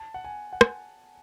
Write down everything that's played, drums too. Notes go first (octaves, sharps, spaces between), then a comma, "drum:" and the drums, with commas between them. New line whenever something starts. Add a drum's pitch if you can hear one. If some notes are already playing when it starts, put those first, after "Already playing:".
Already playing: A5
F#5
G#5
F#5
G#5, drum: rim click